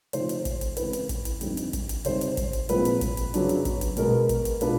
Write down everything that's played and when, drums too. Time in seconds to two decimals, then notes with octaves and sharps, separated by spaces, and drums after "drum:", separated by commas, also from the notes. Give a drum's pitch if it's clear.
0.13 C3 F3 A3 C4 D#4 C5, drum: hi-hat
0.29 drum: hi-hat
0.45 drum: kick, hi-hat
0.61 drum: hi-hat
0.77 C#3 E3 G#3 C4 B4, drum: hi-hat
0.93 drum: hi-hat
1.09 drum: kick, hi-hat
1.25 drum: hi-hat
1.41 F2 D3 G3 C4 D#4, drum: hi-hat
1.57 drum: hi-hat
1.73 drum: kick, hi-hat
1.89 drum: hi-hat
2.05 C3 D#3 G3 C5, drum: hi-hat
2.21 drum: hi-hat
2.37 drum: kick, hi-hat
2.53 drum: hi-hat
2.69 C2 A#2 F3 G#3 C4 B4, drum: hi-hat
2.85 drum: hi-hat
3.01 drum: kick, hi-hat
3.17 drum: hi-hat
3.34 F#2 C#3 F#3 B3 D4, drum: hi-hat
3.49 drum: hi-hat
3.65 drum: kick, hi-hat
3.81 drum: hi-hat
3.97 B2 G#3 B3 A#4, drum: hi-hat
4.29 drum: kick, hi-hat
4.45 drum: hi-hat
4.61 B2 G#3 B3 D4 F4 B4, drum: hi-hat